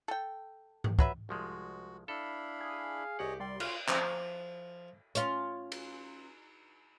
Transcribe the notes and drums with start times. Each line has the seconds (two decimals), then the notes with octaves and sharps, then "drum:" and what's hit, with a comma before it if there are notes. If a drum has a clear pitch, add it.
0.08 A4 G5
0.84 drum: tom G#2
0.99 F#3 B4 E5, drum: kick
1.29 C2 F3 G#3 F#4
2.08 D4 E4 A4 F5 B5
2.60 G#4
3.19 C2 G4 C#5 D#5 F#5
3.40 G3 D5 C6
3.60 F4 F#4, drum: cymbal
3.89 F3, drum: clap
5.15 C#4 F4, drum: hi-hat
5.72 drum: cymbal